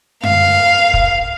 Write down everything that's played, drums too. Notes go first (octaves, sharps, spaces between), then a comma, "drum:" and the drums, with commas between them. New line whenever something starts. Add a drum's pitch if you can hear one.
F5, drum: tom F#2
drum: kick